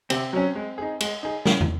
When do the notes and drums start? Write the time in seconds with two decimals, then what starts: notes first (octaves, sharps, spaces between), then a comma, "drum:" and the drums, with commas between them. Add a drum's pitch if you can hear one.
0.10 C3 C4, drum: cymbal
0.33 F#3 C#4
0.55 G#3
0.78 D#4 G#4
1.01 G#3, drum: cymbal
1.23 D#4 G#4
1.45 C#3, drum: snare
1.61 drum: tom